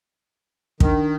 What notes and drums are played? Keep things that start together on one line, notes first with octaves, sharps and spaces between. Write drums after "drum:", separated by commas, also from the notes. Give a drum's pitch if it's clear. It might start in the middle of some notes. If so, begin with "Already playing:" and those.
D#3 D4, drum: kick